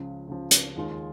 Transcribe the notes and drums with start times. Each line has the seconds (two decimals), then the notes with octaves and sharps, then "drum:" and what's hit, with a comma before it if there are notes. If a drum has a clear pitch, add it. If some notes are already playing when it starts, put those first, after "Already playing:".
Already playing: C#2 C#3 F3
0.27 C#2 C#3 F3
0.51 drum: hi-hat
0.76 D#2 D#3 G#3 F4